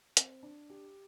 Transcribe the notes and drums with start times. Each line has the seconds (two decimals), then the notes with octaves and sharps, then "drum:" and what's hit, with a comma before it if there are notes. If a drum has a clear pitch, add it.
0.17 C4, drum: hi-hat
0.43 D4
0.70 G4